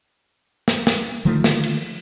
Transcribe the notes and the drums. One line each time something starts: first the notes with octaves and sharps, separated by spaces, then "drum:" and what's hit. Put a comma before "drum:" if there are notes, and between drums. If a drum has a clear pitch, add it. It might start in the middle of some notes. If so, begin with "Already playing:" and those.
drum: snare
drum: snare
D3 D#3 F3 A3
drum: snare
drum: cymbal